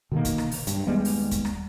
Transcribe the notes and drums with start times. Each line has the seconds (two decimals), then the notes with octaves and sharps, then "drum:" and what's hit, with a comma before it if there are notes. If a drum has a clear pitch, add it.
0.12 B2 D3 D#3 A#3
0.25 drum: kick, hi-hat
0.38 drum: rim click
0.51 drum: open hi-hat
0.67 G2, drum: hi-hat
0.87 D#2 G3 G#3 B3
1.05 drum: open hi-hat
1.31 drum: kick, hi-hat
1.45 drum: rim click